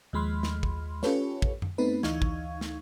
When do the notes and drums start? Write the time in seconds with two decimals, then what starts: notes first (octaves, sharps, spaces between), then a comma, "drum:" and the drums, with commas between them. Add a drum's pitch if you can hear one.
0.13 D#2 F3 G#3 B5 C6 F6
0.43 drum: snare
0.63 drum: kick
1.03 C#4 F4 G4 A4 B4 C#5, drum: snare
1.42 drum: kick
1.62 drum: tom F#2
1.78 A3 B3 C4 D#4 B4
2.03 D2 E3 D#4 F5 C#6 G#6, drum: snare
2.22 drum: kick
2.61 drum: snare